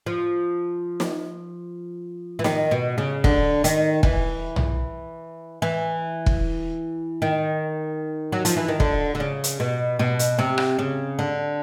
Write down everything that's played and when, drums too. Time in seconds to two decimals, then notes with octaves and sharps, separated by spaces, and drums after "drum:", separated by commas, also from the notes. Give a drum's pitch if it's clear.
0.06 F3
1.00 drum: snare
2.39 E3
2.44 D#3, drum: snare
2.71 B2
2.98 C#3
3.24 D3, drum: kick F1
3.64 D#3, drum: hi-hat
4.03 E3, drum: kick F1
4.56 drum: tom
5.62 E3
6.26 drum: kick F1
7.22 D#3
8.32 F#3
8.45 F3, drum: hi-hat
8.57 E3
8.68 D#3
8.80 D3, drum: kick F1
9.15 D3
9.20 C#3
9.44 drum: hi-hat
9.60 B2
9.99 B2
10.19 drum: hi-hat
10.39 C3
10.58 drum: rim click
10.79 C#3
11.19 D3